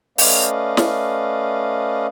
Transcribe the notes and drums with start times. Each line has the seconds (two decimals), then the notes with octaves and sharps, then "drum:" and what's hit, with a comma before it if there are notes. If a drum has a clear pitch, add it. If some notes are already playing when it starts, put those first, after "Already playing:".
0.18 A3 C#4 B4 D5 D#5 F5, drum: open hi-hat
0.77 drum: snare